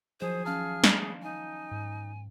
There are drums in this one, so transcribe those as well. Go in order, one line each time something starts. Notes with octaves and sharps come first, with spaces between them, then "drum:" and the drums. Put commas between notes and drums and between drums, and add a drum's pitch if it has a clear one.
D#3 F3 F#3 G#4 C5
C#4 F5 A5 F6
drum: snare
D#4 G#5
G#2